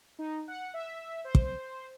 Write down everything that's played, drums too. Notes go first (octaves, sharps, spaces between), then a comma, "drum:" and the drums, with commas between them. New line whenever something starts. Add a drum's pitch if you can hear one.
D#4
F#5
E5
C5
drum: kick